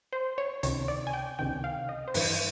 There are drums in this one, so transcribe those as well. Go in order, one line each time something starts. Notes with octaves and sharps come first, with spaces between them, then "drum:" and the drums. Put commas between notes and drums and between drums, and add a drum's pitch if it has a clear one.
C5
C#5
C#2 C3 D#3 C#5, drum: hi-hat
D5
G#5
G5
C#2 C3 D#3 G5
F5
D#5
C5
G2 E3 B4, drum: open hi-hat